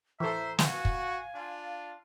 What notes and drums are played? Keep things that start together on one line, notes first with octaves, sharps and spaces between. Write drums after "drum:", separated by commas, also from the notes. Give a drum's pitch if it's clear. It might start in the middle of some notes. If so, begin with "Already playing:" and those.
E3 A4 C5 E5 A#5
F#4 F5 G#5, drum: snare
drum: kick
D4 F4